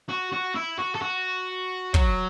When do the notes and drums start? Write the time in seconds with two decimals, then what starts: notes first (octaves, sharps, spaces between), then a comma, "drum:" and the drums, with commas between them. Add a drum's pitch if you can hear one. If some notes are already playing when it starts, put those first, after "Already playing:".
0.09 F#4
0.33 F#4
0.55 E4
0.79 F#4
0.95 A4
1.02 F#4
1.94 F#3, drum: kick